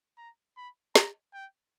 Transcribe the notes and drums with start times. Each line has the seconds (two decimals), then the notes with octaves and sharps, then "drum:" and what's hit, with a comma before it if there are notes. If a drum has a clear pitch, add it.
0.18 A#5
0.57 B5
0.95 A#5, drum: snare
1.34 G5